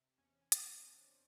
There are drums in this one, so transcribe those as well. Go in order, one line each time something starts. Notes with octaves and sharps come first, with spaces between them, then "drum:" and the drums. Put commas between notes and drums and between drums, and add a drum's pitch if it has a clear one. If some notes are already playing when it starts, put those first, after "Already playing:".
Already playing: C3
E2 C#4
C#4
E2 C4, drum: hi-hat
D4
E2 C#4